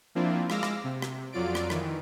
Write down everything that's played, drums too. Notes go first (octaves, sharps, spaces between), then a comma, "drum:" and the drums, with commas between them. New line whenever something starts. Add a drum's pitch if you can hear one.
F3 A#3 C4 D4 E4 F4
G#3 F5 D6 E6 F6 A#6, drum: rim click
drum: rim click
C3
drum: rim click
F2 F#3 F4 D5 D7
drum: rim click
D#3 E3, drum: rim click